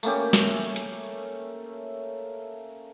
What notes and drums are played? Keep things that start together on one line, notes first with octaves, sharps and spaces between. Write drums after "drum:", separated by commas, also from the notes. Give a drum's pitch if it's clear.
A3 A#3 C#4 G4, drum: tambourine
drum: snare
drum: hi-hat